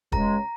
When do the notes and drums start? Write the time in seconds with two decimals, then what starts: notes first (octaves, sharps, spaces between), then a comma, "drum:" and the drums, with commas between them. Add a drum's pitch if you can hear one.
0.12 C#2 C#3 G#3 A#5, drum: kick